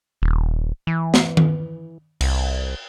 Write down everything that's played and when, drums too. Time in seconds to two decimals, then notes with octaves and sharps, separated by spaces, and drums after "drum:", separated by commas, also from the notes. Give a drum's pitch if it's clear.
0.22 D#1
0.87 E3
1.14 drum: snare
1.37 drum: tom D#3
2.21 C2, drum: cymbal